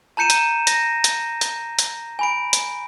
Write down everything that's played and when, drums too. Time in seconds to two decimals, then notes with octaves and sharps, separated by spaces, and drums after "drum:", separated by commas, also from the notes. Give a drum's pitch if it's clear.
0.17 A5 A#5 G6 C#7 D#7 E7
0.30 drum: hi-hat
0.67 A#6, drum: hi-hat
1.04 drum: hi-hat
1.41 drum: hi-hat
1.79 drum: hi-hat
2.19 G#5 B5 D7
2.53 drum: hi-hat